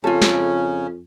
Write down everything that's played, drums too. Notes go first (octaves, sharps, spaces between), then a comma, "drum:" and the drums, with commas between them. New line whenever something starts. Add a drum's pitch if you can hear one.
F2 C#3 C#4 F4 A4
drum: snare